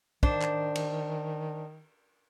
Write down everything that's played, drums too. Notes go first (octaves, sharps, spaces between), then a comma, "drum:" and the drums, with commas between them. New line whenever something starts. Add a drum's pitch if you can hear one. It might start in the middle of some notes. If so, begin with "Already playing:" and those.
D#3 D4 C5, drum: kick
drum: clap
drum: cymbal